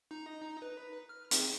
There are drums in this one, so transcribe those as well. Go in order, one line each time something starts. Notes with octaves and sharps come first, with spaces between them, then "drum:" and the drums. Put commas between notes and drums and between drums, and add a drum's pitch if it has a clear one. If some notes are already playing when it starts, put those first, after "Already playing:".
D#4 A#5
B4
F6
C4 D#4 G#4, drum: hi-hat